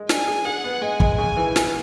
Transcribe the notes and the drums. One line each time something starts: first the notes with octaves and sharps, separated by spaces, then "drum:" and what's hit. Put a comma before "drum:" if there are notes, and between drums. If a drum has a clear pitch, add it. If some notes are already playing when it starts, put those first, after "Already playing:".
Already playing: G#3
D4 G#5, drum: snare
G#4
G#4 F#5
B3
G#3 G#5
G#3, drum: kick
C#3 G#5
E3
B3, drum: snare